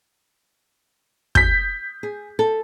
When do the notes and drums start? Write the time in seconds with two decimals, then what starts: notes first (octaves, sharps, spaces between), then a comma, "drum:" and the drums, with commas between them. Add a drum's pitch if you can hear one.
1.35 G6 B6, drum: kick
2.03 G#4
2.39 A4